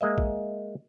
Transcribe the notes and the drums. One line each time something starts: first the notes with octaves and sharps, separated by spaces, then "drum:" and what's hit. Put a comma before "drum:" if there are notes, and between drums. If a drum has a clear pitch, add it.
G#3 A#3 D#5 E5
drum: kick A#1